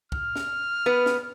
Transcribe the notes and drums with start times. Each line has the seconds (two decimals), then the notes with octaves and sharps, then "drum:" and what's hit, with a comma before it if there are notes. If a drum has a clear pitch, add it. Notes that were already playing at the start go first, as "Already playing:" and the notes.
0.12 F6, drum: kick
0.36 drum: snare
0.86 B3 B4
1.06 drum: snare